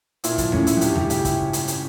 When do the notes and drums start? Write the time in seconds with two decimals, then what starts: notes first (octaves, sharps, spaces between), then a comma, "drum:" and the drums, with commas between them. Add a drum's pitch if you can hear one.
0.24 A#2 E4, drum: hi-hat
0.38 F3, drum: kick, hi-hat
0.52 A2 C#4, drum: tom D#2
0.67 E4, drum: hi-hat
0.77 F2
0.81 G2 G4, drum: hi-hat
0.96 A2 G4, drum: tom D#2
1.10 C#3 G4, drum: hi-hat
1.25 E4, drum: kick, hi-hat
1.53 drum: hi-hat
1.68 drum: hi-hat